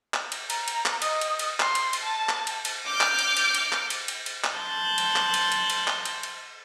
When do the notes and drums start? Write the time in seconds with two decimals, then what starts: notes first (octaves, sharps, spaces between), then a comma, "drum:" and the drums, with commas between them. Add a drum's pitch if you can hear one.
0.14 drum: clap
0.32 drum: cymbal
0.50 A#5, drum: cymbal
0.68 drum: cymbal
0.86 drum: clap
1.02 D#5, drum: cymbal
1.21 drum: cymbal
1.39 drum: cymbal
1.60 C6, drum: clap
1.75 drum: cymbal
1.93 drum: cymbal
2.03 A5
2.29 drum: clap
2.47 drum: cymbal
2.65 drum: cymbal
2.87 D6 F6 G6
3.01 drum: clap
3.19 drum: cymbal
3.37 drum: cymbal
3.54 drum: cymbal
3.72 drum: clap
3.90 drum: cymbal
4.08 drum: cymbal
4.26 drum: cymbal
4.44 drum: clap
4.55 A5 C6 F#6 G6 A6
4.98 drum: cymbal
5.16 drum: clap
5.34 drum: cymbal
5.52 drum: cymbal
5.70 drum: cymbal
5.88 drum: clap
6.05 drum: cymbal
6.23 drum: cymbal